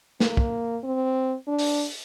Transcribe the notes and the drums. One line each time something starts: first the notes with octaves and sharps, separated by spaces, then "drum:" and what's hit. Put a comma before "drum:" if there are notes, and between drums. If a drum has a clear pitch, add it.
A#3, drum: snare
drum: kick
C4
D4
drum: open hi-hat